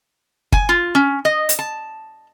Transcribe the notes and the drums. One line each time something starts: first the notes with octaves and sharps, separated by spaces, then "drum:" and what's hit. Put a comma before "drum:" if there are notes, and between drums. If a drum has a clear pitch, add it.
G#5, drum: kick
F4
C#4
D#5
drum: hi-hat
A5